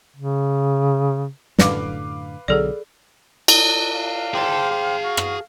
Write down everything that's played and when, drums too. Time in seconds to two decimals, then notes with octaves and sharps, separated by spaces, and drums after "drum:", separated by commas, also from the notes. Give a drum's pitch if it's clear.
0.16 C#3
1.59 F#2 A2 D3 B4 F5 D6, drum: snare
2.48 B1 D3 F#3 G#4 A4 D5
3.48 drum: cymbal
3.95 F5
4.34 G4 G#4 C5 A5
4.70 G4 C5
5.04 F#4
5.17 drum: rim click